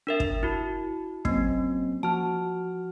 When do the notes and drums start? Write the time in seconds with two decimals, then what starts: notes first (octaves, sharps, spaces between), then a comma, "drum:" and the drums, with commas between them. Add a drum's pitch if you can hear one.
0.07 D4 A#4 E5
0.20 drum: kick
0.43 E4 F#4
1.25 F#3 A#3 C4 C#4, drum: kick
2.03 F3 F#4 A5 F6